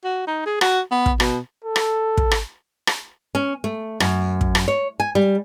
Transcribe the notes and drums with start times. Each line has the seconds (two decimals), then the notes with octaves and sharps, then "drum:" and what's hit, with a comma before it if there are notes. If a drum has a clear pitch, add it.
0.04 F#4
0.27 D#4
0.46 G#4
0.61 F#4, drum: rim click
0.91 B3
1.06 drum: kick
1.20 B2, drum: rim click
1.65 A4
1.76 drum: rim click
2.17 drum: kick
2.31 drum: rim click
2.87 drum: rim click
3.35 C#4
3.64 A3
4.00 F#2, drum: rim click
4.41 drum: kick
4.55 drum: rim click
4.68 C#5
5.00 G#5
5.15 G3